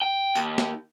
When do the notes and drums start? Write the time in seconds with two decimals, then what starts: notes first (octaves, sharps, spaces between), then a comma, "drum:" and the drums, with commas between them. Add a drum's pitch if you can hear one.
0.02 G5
0.35 D#2, drum: tambourine
0.58 drum: snare